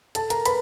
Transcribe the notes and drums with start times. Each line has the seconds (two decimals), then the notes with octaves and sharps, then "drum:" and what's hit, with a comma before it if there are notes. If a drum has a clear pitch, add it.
0.15 A4 A5, drum: hi-hat
0.30 A#4 A#5, drum: hi-hat
0.45 B4 B5, drum: hi-hat